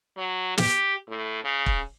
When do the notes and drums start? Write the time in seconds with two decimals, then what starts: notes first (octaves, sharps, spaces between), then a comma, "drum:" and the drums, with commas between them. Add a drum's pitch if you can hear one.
0.17 F#3
0.57 G4, drum: snare
1.09 A2
1.44 C#3
1.66 drum: kick